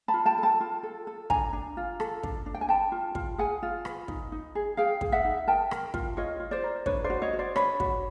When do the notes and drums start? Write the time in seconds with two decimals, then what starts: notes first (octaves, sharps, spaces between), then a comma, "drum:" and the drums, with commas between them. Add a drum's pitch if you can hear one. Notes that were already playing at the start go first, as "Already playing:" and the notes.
0.08 A5 B5
0.14 F4
0.26 G5 A5
0.38 A4
0.43 G5 A5
0.60 F4
0.83 A4
1.07 A4
1.30 D4 G#5 A#5, drum: kick
1.53 D4
1.77 F4
2.00 A4, drum: rim click
2.23 D4, drum: kick
2.46 D4
2.54 G5
2.61 G#5
2.69 B4 G5 A5
2.92 F4
3.15 F4, drum: kick
3.38 G#4 F#5 G#5
3.63 F4
3.85 B4, drum: rim click
4.08 D#4, drum: kick
4.32 D#4
4.55 G#4
4.77 G#4 F5 G5
5.01 G#4, drum: kick
5.12 E5 F#5
5.25 D#4
5.47 A#4 G5 A5
5.71 A#4, drum: rim click
5.94 F4, drum: kick
6.17 F4 C#5 D#5
6.40 F4
6.51 C5 D5
6.64 A#4
6.86 D4 B4 C#5, drum: kick
7.04 C5 D5
7.10 F#4
7.22 C#5 D#5
7.33 F#4
7.39 C5 D5
7.56 D4 B4 C#5, drum: rim click
7.80 F#4, drum: kick